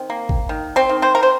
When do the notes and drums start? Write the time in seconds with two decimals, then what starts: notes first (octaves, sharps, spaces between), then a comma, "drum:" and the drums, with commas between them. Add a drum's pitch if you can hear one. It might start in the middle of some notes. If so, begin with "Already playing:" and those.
Already playing: D#3 C4
0.10 A#3
0.29 drum: kick
0.49 D#3
0.76 C4 C5
0.89 D#3
1.02 C4 C5
1.15 A#4
1.23 C5